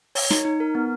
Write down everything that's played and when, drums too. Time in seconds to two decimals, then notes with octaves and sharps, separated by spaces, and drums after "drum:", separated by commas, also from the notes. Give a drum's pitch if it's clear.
0.15 C#5, drum: open hi-hat
0.30 D#4, drum: snare
0.45 D#4
0.60 A#4
0.75 B3